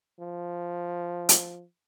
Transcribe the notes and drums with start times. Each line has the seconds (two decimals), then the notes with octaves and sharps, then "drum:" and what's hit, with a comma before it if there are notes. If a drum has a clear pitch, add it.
0.20 F3
1.29 drum: hi-hat